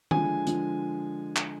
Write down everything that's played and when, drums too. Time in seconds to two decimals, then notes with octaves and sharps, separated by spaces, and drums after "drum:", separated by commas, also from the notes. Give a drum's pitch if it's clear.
0.11 D3 F3 G#3 G#5, drum: tom D#3
0.47 D3 F3 G#3, drum: hi-hat
1.36 drum: clap